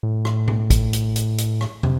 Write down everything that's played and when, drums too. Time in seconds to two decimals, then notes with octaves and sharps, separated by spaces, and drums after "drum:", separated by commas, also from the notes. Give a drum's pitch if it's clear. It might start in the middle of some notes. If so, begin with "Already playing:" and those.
0.03 A2
0.25 drum: rim click
0.48 drum: tom B2
0.70 drum: kick, hi-hat
0.93 drum: hi-hat
1.16 drum: hi-hat
1.38 drum: hi-hat
1.61 drum: rim click
1.83 C3, drum: tom